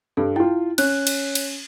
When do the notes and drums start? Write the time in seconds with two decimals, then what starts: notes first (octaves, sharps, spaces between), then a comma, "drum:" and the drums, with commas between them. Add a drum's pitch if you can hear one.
0.17 G2 A4
0.36 E4 F4 G5
0.78 C#4 C#5 F#6, drum: cymbal
1.07 drum: cymbal
1.35 drum: cymbal